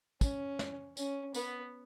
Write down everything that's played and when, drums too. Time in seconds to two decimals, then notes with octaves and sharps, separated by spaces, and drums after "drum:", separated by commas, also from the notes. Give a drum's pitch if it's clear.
0.21 C#4, drum: kick, tambourine
0.59 drum: snare
0.97 C#4, drum: tambourine
1.34 B3, drum: tambourine